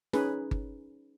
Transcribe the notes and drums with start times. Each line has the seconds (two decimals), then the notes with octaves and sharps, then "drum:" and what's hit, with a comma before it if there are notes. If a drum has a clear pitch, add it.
0.13 C#4 D#4 G#4 B4, drum: snare
0.51 drum: kick G1